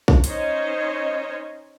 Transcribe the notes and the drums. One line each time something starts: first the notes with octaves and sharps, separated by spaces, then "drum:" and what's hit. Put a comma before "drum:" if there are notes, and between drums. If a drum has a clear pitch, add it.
drum: kick
C#4 D#4 C5 C#5 D#5, drum: hi-hat